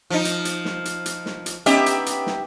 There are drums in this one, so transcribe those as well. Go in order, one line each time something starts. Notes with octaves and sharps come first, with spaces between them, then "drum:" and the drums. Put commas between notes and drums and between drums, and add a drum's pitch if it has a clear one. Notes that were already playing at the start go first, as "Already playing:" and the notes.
F3 D#4
drum: hi-hat
drum: hi-hat
drum: snare
drum: hi-hat
drum: hi-hat
drum: snare
drum: hi-hat
B3 C#4 D#4 G4 E5, drum: hi-hat
drum: hi-hat
drum: hi-hat
drum: snare